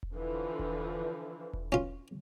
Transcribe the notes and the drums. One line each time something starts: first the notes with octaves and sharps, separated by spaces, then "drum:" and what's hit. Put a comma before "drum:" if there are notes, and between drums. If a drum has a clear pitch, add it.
drum: kick E1
D3 E3 F3
drum: kick E1
drum: kick E1
C#4 F4